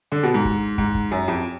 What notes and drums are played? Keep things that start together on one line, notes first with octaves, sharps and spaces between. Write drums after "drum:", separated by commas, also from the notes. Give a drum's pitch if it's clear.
D3
B2
G#2
drum: kick
G#2, drum: kick
drum: kick
F#2
F2